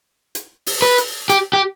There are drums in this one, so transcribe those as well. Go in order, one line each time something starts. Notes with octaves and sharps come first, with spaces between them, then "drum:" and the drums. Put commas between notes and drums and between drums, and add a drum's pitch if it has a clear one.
drum: hi-hat
drum: open hi-hat
B4
drum: hi-hat
G4, drum: hi-hat
G4